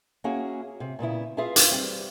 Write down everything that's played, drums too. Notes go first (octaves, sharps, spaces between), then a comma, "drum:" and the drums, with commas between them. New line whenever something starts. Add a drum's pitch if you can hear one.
A#3 C#4 E4 F#4 G#4
C3
A#2 C#3 B3 E4
F4 G#4 B4 E5 F5
drum: hi-hat
G3 C4